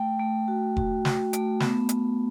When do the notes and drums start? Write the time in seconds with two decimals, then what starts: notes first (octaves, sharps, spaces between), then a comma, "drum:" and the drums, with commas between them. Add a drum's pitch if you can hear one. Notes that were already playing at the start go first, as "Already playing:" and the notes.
Already playing: A3 G5
0.20 A3
0.48 F#4
0.77 F#4, drum: kick F1
1.05 F#4, drum: snare
1.33 A3, drum: hi-hat
1.60 B3, drum: snare
1.89 drum: hi-hat